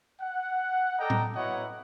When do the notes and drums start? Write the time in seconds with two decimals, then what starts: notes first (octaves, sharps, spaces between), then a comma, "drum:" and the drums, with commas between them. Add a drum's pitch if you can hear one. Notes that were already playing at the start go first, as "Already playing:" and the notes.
0.21 F#5
0.99 A4 D5 D#5 G5 A#5
1.10 drum: tom A2
1.35 B3 E4 F#4 C#5 D#5 F#5